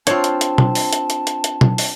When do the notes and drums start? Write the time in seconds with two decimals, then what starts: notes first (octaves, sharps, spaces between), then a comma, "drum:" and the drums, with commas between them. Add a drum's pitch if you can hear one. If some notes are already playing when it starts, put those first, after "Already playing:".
0.07 C4 D4 F4 C5 C#5 A5, drum: hi-hat
0.24 drum: hi-hat
0.41 drum: hi-hat
0.58 drum: tom B2
0.75 drum: open hi-hat
0.93 drum: hi-hat
1.10 drum: hi-hat
1.27 drum: hi-hat
1.44 drum: hi-hat
1.61 drum: tom B2
1.78 drum: open hi-hat